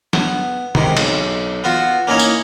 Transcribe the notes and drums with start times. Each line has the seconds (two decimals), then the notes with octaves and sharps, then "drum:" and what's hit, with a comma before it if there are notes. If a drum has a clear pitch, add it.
0.13 B3, drum: snare
0.75 G#2 C3 D#3, drum: tom
0.97 B1, drum: cymbal
1.64 B3 F4 F#4
2.07 A#3 C#4 D#4 E4 C#5
2.19 drum: tambourine